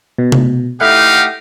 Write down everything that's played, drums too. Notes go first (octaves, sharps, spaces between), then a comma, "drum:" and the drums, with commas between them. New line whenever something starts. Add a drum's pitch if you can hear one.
B2
drum: tom C3
A3 D#4 E4 G4 F5 F#5